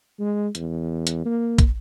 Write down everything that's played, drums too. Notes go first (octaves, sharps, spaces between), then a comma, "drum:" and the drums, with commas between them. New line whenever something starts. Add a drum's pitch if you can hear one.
G#3
E2, drum: hi-hat
drum: hi-hat
A#3
drum: kick, hi-hat